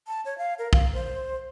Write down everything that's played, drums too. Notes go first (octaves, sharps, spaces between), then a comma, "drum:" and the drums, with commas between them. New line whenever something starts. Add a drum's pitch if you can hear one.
A5
C#5
F5
A#4
F5, drum: kick
C5